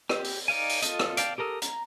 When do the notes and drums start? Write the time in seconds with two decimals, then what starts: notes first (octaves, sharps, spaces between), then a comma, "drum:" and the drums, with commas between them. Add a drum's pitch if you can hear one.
0.09 G4, drum: rim click
0.24 drum: open hi-hat
0.48 D#4 D5 F5 G#5
0.69 drum: open hi-hat
0.82 F4 A4 D#5, drum: hi-hat
0.99 drum: rim click
1.17 D5 F5 G5 A5, drum: hi-hat
1.38 G4 A4 A#4 D#6 E6
1.62 A#5, drum: hi-hat